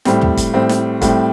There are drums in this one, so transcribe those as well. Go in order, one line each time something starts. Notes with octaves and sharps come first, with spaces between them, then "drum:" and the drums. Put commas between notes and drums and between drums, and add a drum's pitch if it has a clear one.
A2 G3 C4, drum: snare
drum: tom
drum: kick, hi-hat
A2 G3 C4
drum: snare
A2 G3 C4, drum: kick, hi-hat